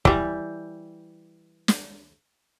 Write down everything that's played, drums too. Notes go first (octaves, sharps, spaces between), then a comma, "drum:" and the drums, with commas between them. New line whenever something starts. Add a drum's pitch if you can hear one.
E3 G3, drum: kick
drum: snare